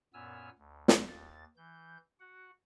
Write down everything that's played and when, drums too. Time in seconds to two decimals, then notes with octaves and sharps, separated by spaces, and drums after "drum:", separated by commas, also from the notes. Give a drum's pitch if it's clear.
0.14 F#2 A#2 B3 G#5 E6 F6
0.59 D2
0.88 drum: snare
1.09 D#2 A6
1.57 E3 G6
2.20 F#4 F#5